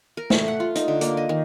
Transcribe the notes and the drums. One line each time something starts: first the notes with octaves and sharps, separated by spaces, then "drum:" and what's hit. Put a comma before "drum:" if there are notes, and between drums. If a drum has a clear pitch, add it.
A#4
A3, drum: snare
F#5
F4
D#4, drum: hi-hat
D3
A#3, drum: hi-hat
D#5
D#3